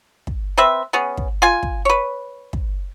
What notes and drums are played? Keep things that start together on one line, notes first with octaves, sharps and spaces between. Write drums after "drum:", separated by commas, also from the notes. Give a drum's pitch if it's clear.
drum: kick
C4 B4 C5 E5
B3 C#4 G#4
drum: kick
F4 G#5
drum: kick
B4 C#5
drum: kick